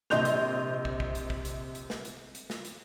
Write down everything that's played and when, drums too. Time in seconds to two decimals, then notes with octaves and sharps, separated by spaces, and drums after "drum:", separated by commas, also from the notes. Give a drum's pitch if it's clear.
0.10 A#1 C3 D#5 C6 G6 F7, drum: snare
0.25 drum: hi-hat
0.85 drum: kick
1.00 drum: kick
1.15 drum: hi-hat
1.30 drum: kick
1.45 drum: hi-hat
1.75 drum: hi-hat
1.90 drum: snare
2.05 drum: hi-hat
2.35 drum: hi-hat
2.50 drum: snare
2.65 drum: hi-hat